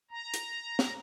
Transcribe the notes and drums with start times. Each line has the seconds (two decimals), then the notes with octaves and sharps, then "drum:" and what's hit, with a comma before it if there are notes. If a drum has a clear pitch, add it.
0.11 A#5
0.34 drum: hi-hat
0.79 drum: snare